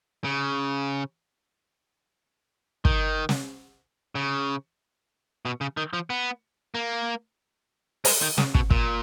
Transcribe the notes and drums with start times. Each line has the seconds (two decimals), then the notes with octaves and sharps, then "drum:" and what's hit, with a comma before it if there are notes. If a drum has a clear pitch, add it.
0.24 C#3
2.85 D#3, drum: kick
3.29 drum: snare
4.15 C#3
5.45 B2
5.61 C#3
5.77 D#3
5.93 F3
6.10 B3
6.75 A#3
8.05 G#3, drum: open hi-hat
8.22 D#3
8.38 C#3, drum: snare
8.55 B2, drum: kick
8.71 A#2, drum: kick